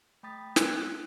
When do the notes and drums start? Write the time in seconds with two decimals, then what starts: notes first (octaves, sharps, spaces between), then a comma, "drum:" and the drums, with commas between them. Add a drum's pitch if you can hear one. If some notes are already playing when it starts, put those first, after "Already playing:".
0.23 A3 G5 B5 D#6 A6 B6
0.56 F#6, drum: snare